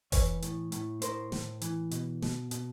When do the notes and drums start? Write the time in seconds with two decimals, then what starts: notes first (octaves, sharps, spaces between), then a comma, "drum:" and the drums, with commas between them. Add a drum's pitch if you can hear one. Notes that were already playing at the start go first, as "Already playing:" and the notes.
0.12 E3 B4 C#5, drum: kick F1, open hi-hat
0.42 A2, drum: hi-hat
0.72 A2, drum: hi-hat
1.02 A2 A#4 C5, drum: hi-hat
1.32 A2, drum: snare
1.61 E3, drum: hi-hat
1.91 B2, drum: hi-hat
2.22 B2, drum: snare
2.51 B2, drum: hi-hat